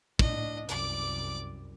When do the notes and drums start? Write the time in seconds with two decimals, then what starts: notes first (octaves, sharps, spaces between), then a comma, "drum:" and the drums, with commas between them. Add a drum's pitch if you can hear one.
0.19 A2 D4 D#5, drum: kick
0.69 C2 F#2 D5 D6, drum: hi-hat